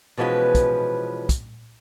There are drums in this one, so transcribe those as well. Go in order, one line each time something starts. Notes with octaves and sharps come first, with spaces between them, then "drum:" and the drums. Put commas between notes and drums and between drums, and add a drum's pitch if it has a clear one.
B2 E3 F3 G#3 C#4 B4
drum: kick, hi-hat
drum: kick, hi-hat